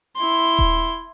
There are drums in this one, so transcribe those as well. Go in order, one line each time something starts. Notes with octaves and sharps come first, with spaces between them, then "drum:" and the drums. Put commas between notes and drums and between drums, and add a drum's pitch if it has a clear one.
E4 C6
drum: kick D#1